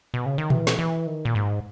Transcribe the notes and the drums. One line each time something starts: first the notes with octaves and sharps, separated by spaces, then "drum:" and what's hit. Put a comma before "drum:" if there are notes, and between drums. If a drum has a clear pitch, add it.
B2
C#3
D#3
E3, drum: tom A#2
drum: snare
E3
D#3
A#2
G#2